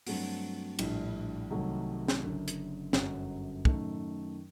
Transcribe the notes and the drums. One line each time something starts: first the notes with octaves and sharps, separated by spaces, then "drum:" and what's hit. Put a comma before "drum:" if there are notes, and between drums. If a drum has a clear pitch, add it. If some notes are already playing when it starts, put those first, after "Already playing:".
G2 F#3 A3 C4 F#4, drum: open hi-hat
A#1 A2 G3 D4, drum: cymbal
C2 C3 D#3 F#3 A3
drum: snare
F#1 F#2 D3
drum: hi-hat
G1 F#2 F#3, drum: snare
F#2 D#3 A3, drum: kick